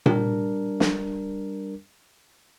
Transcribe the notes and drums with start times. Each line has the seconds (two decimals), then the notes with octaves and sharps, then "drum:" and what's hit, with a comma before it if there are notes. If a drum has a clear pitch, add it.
0.06 G3 D4 A#4, drum: tom A#2
0.80 drum: snare